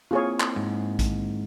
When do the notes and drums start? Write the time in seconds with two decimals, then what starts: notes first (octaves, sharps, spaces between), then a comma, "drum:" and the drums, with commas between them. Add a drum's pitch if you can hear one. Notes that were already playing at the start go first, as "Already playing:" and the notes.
0.11 A#3 C4 E4 F4 G#4 C#5
0.40 drum: clap
0.56 G#2
0.99 drum: kick A#1, hi-hat